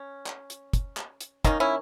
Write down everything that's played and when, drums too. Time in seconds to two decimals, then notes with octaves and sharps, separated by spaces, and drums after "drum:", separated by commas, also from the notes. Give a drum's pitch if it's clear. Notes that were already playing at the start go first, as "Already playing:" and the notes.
Already playing: C#4
0.26 drum: clap
0.50 drum: hi-hat
0.73 drum: kick, hi-hat
0.97 drum: clap
1.20 drum: hi-hat
1.45 D#3 A#3 C#4 D#4, drum: kick, hi-hat
1.60 C#4 E4